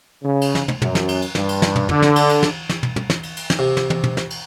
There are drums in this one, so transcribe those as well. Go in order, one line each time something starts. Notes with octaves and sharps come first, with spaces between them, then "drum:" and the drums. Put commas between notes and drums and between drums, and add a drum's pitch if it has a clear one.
C#3
drum: cymbal
drum: snare
drum: tom
F#2, drum: tom
drum: snare
drum: cymbal
drum: cymbal
G2, drum: snare
drum: cymbal
drum: snare
drum: tom
D3, drum: tom
drum: snare
drum: cymbal
drum: cymbal
drum: snare
drum: snare
drum: tom
drum: tom
drum: snare
drum: cymbal
drum: cymbal
drum: snare
C3
drum: snare
drum: tom
drum: tom
drum: snare
drum: cymbal